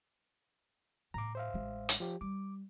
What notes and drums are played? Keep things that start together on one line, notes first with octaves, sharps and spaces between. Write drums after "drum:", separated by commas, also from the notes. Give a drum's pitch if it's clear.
A2 A#5 D6
C5 E5 F5
A1 G#3
drum: hi-hat
F3 G4
G3 D6